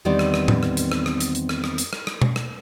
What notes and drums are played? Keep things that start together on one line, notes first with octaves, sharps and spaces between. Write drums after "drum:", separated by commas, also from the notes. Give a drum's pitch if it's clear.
E2 D#3 G3 B3 C4 D5
drum: rim click
drum: rim click
drum: tom A2
drum: rim click
drum: hi-hat
drum: rim click
drum: rim click
drum: hi-hat
drum: hi-hat
drum: rim click
drum: rim click
drum: hi-hat
drum: rim click
drum: rim click
drum: tom B2
drum: rim click